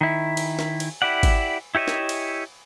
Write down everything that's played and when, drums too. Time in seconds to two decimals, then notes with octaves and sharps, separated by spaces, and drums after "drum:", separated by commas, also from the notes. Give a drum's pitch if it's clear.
0.01 D#3 E4
0.37 drum: cymbal
0.59 drum: snare
0.80 drum: cymbal
1.02 E4 G4 D5 F#5
1.23 drum: kick G#1, cymbal
1.75 E4 G4 C#5 D#5 E5
1.88 drum: snare
2.09 drum: cymbal